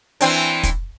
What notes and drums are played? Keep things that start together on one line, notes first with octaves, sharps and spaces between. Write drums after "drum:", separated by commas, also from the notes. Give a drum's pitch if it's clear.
E3 C4 D4, drum: hi-hat
drum: kick, hi-hat